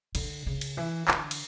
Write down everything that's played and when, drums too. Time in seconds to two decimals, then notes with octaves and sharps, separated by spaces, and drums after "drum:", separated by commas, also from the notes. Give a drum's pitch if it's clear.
0.15 D3, drum: cymbal
0.47 C#3
0.61 drum: cymbal
0.77 E3
1.08 D3, drum: clap
1.31 drum: cymbal